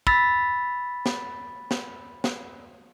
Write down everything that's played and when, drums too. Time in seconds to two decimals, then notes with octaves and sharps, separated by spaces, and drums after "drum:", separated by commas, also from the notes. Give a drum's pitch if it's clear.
0.07 B5 E6 A6 B6, drum: kick
1.06 drum: snare
1.71 drum: snare
2.24 drum: snare